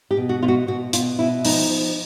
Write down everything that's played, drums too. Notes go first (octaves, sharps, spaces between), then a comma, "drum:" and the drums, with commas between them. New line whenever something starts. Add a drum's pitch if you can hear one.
G4
B2
F#4
B2 F4
F#4
B2 F#4
B2 F4, drum: hi-hat
B2 E4
F3 D#4, drum: open hi-hat
F3